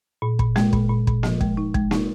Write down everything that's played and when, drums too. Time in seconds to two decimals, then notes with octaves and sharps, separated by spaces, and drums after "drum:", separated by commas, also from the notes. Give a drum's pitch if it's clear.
0.22 A#2
0.39 A#2, drum: kick
0.56 G#3, drum: snare A#3
0.73 A#2, drum: kick
0.89 A#2
1.07 A#2, drum: kick
1.23 F3, drum: snare A#3
1.41 G#3, drum: kick
1.57 D#4
1.74 G#3, drum: kick
1.91 D#4, drum: snare A#3